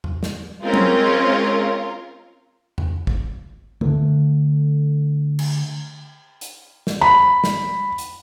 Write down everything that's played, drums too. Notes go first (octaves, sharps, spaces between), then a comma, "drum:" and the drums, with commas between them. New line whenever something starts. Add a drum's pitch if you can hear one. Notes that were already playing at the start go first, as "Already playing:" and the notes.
drum: tom E2
drum: snare
G#3 C4 C#4 F4 A#4
drum: tom F#3
drum: tom E2
drum: kick
D3 A3, drum: tom D#3
drum: cymbal
drum: hi-hat
drum: snare
B5, drum: tom D#3
drum: snare
drum: hi-hat